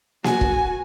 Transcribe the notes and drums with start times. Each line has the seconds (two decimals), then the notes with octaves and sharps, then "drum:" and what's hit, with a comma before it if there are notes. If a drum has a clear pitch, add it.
0.24 F#4 G#5, drum: snare A#3
0.41 drum: kick